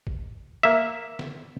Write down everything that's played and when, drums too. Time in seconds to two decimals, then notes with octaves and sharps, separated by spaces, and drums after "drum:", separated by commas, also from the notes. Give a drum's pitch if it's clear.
0.07 drum: kick
0.63 A#3 E5
1.19 drum: snare